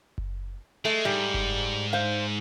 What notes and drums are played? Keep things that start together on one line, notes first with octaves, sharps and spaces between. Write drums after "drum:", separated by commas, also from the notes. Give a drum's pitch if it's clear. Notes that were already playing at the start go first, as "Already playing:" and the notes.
drum: kick F#1
G#3 A3
G#2 G3
drum: kick F#1
C5 F5